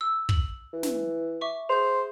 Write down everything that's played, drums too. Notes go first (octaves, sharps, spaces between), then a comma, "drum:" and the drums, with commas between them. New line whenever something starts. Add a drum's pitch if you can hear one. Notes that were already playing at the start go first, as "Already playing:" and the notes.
E6
F#7, drum: kick
E3
drum: snare
E5 C#6 D6
G#4 C5 G6